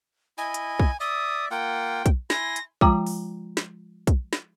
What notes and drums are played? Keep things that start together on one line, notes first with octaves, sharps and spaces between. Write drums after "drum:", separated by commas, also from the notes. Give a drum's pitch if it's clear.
E4 D#5 G#5
drum: hi-hat
drum: kick
D5 E5 D#6
A#3 F4 F#5 G5
drum: kick, hi-hat
E4 G#5 C6 A#6, drum: snare
drum: hi-hat
F3 G#3 F4 G5 A#5 D6, drum: kick
drum: open hi-hat
drum: snare
drum: kick, hi-hat
drum: snare